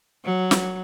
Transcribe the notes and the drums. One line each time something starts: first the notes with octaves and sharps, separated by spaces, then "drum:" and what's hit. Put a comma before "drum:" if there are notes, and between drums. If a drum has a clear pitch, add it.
F#3
drum: snare